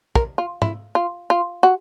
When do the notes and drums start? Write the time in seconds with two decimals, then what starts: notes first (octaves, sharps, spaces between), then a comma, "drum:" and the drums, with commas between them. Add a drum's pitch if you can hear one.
0.15 A#4, drum: kick
0.38 F4
0.62 E4, drum: tom
0.95 F4
1.30 F4
1.63 F#4